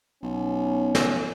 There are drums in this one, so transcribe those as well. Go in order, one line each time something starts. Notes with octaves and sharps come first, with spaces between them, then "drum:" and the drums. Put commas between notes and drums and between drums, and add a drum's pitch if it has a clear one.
B1 C#4
drum: snare